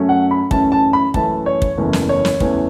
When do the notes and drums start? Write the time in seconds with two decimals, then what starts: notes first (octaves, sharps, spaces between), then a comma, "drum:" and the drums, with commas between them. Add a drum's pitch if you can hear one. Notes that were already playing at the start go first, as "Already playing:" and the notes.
Already playing: F#2 F#3 A3 C#4
0.09 F#5
0.31 B5
0.51 F#2 E3 A3 C#4 A5, drum: kick
0.72 A5
0.93 B5
1.14 F#2 E3 A3 C#4 A5, drum: kick
1.46 C#5
1.62 drum: kick
1.77 F#1 E2 E3 A3 C#4
1.93 drum: snare
2.09 C#5
2.25 drum: snare
2.40 F#1 E2 E3 A3 C#4, drum: kick